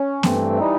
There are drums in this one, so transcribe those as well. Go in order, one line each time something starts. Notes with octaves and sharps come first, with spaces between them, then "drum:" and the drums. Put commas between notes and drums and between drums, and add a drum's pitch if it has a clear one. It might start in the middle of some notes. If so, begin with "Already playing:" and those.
Already playing: C#4
G2 E3 A3 C4, drum: snare B3
E3 G3 D#4